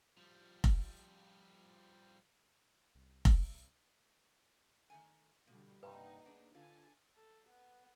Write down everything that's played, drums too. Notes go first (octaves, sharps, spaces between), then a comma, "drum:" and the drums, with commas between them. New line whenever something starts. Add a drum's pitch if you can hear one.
F3 G3
drum: kick F1
C2
drum: kick F1
D#3 A3 G#5
B2 D3 F3 G3
G2 C3 A#3 D#4 B4 F#5
B3 D4 G#4
D3 F4 G#5 A5
A4
B3